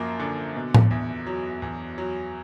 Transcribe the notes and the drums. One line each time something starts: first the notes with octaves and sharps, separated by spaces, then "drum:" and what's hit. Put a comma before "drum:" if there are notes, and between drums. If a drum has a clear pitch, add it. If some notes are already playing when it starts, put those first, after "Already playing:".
Already playing: F#2 F3 A#3
D3
B2
drum: tom A2
E2
F#3
E2
F#3